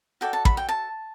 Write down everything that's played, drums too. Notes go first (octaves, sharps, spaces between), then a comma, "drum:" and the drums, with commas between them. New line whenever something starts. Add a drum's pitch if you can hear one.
F#4 A4 D5 G5
A5
B5, drum: kick
G5
A5